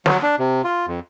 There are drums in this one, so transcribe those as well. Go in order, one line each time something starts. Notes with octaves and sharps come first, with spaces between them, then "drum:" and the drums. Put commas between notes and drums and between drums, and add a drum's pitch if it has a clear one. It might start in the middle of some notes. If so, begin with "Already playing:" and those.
F#3, drum: snare
D4
C3
F4
F2